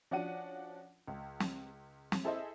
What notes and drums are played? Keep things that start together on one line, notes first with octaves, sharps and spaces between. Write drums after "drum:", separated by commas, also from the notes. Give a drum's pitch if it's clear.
F3 C#4 D4 F#4 F#5 D#7
C#2
drum: snare
drum: snare
E4 G#4 A4 C5 D#5 E5